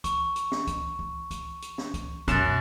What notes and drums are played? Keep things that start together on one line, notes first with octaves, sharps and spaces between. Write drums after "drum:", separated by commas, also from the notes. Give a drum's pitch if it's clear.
C#6, drum: kick, hi-hat
drum: hi-hat
drum: snare
drum: kick, hi-hat
drum: kick
drum: kick, hi-hat
drum: hi-hat
drum: snare
drum: kick, hi-hat
F#2 B2 F#6 A6 E7, drum: kick, hi-hat